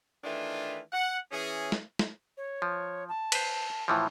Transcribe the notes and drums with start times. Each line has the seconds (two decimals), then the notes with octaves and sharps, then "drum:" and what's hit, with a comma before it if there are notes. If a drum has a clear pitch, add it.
0.24 D#3 E3 A3 D4 E4 F4
0.92 F#5
1.31 E3 C#4 G#4
1.72 drum: snare
1.99 drum: snare
2.37 C#5
2.62 F3
3.09 A5
3.32 B4 C5, drum: cymbal
3.88 A2 E3 F3